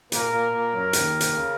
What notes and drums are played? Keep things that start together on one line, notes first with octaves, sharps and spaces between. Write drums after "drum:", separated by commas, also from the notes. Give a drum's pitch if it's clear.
A#2 A#3 A#4, drum: hi-hat
A#2 A#3
A#2 A#3
F#2 F#3
D#2 D#3, drum: hi-hat
drum: hi-hat
C#3